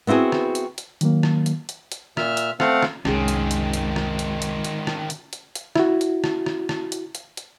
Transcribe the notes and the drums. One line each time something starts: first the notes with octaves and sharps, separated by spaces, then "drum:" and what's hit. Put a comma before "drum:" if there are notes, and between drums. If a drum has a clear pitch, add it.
B3 C4 E4 F#4 G#4
drum: rim click
drum: hi-hat
drum: hi-hat
D#3 F#3 A#3, drum: hi-hat
drum: rim click
drum: hi-hat
drum: hi-hat
drum: hi-hat
A#2 E5 F6, drum: rim click
drum: hi-hat
A3 C4 F5 F#5, drum: rim click
drum: rim click
C2 F#2 D#3 G#3 C4 C#4 G#4, drum: rim click
drum: hi-hat
drum: hi-hat
drum: hi-hat
drum: rim click
drum: hi-hat
drum: hi-hat
drum: hi-hat
drum: rim click
drum: hi-hat
drum: hi-hat
drum: hi-hat
E4 F#4, drum: rim click
drum: hi-hat
drum: rim click
drum: rim click
drum: rim click
drum: hi-hat
drum: hi-hat
drum: hi-hat